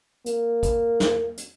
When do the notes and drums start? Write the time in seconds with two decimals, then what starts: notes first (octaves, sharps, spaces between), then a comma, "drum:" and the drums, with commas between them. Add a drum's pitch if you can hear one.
0.26 A#3, drum: hi-hat
0.63 drum: kick, hi-hat
1.00 drum: snare
1.37 drum: hi-hat